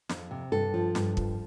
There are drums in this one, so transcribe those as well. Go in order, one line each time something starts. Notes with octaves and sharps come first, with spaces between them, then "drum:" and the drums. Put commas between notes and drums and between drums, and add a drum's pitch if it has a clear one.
F2, drum: snare
C3
G2 A4
F3
G2, drum: snare
F3, drum: kick